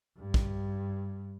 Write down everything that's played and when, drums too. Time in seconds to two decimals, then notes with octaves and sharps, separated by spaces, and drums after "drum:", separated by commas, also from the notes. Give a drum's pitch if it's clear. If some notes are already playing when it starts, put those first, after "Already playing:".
0.18 G2
0.34 drum: kick